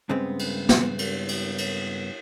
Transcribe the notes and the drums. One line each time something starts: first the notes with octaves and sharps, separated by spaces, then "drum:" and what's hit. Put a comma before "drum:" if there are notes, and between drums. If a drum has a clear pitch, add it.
G2 C#3 G#3 B3 C4
drum: cymbal
drum: snare
drum: cymbal
drum: cymbal
drum: cymbal